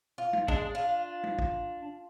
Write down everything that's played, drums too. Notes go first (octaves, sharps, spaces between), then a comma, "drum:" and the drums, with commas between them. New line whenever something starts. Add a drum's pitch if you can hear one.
F4
drum: tom
G#3 D4, drum: kick
F4
drum: tom
drum: kick